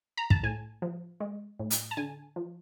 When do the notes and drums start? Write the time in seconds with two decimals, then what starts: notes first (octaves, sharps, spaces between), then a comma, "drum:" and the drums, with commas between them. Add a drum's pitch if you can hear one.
0.17 A#5
0.30 A5, drum: kick
0.43 A2 G#5
0.82 F3
1.20 G#3
1.59 A2
1.70 drum: hi-hat
1.91 A5
1.97 D3 G#5
2.36 F3